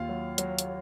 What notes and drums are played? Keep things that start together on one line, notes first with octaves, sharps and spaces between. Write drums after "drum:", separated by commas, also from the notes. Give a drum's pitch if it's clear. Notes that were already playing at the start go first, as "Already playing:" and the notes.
Already playing: D#2 F4 F5
F#3
F#3, drum: hi-hat
drum: hi-hat